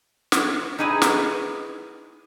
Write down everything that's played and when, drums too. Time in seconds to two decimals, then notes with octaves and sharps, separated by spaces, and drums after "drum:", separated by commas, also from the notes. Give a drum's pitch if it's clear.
0.32 drum: snare
0.79 D#4 E4 G#4 B4 D#5
1.02 drum: snare